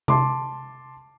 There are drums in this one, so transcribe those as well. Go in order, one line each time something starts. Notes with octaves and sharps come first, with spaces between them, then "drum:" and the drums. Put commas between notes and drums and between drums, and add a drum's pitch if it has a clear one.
A5 C6 D6, drum: tom C3